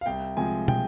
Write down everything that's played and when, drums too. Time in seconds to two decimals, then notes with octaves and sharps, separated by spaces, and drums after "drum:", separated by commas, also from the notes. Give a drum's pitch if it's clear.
0.01 F5
0.06 C2 G5
0.37 C3 F3 G#3 G#5
0.68 G5, drum: tom